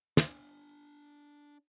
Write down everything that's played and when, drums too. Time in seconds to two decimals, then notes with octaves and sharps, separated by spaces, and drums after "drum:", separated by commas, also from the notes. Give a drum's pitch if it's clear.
0.17 D4 G#5, drum: snare